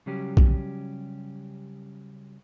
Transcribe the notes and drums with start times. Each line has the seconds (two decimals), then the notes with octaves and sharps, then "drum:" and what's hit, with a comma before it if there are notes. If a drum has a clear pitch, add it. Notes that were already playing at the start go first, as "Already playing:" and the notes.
0.06 C#3 F#3 G3 C#4 G4
0.37 drum: kick B1